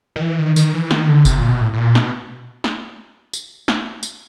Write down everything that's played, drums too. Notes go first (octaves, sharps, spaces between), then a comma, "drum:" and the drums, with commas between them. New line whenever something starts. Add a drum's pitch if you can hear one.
D#3
E3
D#3
D#3, drum: tambourine
E3
D#3, drum: snare
D3
C3, drum: kick F#1, tambourine
A#2
B2
A2
A2
A#2
B2, drum: snare
drum: snare
drum: tambourine
drum: snare
drum: tambourine